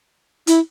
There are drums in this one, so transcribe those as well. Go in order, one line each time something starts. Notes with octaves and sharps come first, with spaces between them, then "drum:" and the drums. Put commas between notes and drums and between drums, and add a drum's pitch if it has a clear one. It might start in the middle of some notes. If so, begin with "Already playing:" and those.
E4, drum: hi-hat